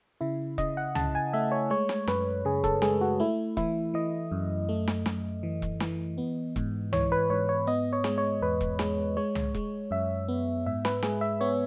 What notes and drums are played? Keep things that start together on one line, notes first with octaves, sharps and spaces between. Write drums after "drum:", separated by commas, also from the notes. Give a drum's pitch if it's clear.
C#3 E4
C#3 D#5, drum: kick E1
F#5
C#3 A5, drum: tom
G#5
A3 E5
C#5
G#3 C#5
drum: snare
F#2 B4, drum: snare
C#3 G#4
A4, drum: kick E1
G#3 G#4, drum: snare
F#4
A3 E4
E3 E4, drum: kick E1
E3 D#5
F#2
A3
drum: snare
F#2, drum: snare
E3
drum: kick E1
E3, drum: snare
B3
G#2, drum: kick E1
E3 C#5, drum: tom
B4
G#2 C#5
C#5
B3 D#5
C#5
G#3, drum: snare
C#5
E2 B4
drum: kick E1
G#3, drum: snare
G#3 C#5
drum: tom
G#3, drum: kick E1
F#2 E5
B3
G#2 E5
B4, drum: snare
G#3 G#4, drum: snare
E5
B3 C#5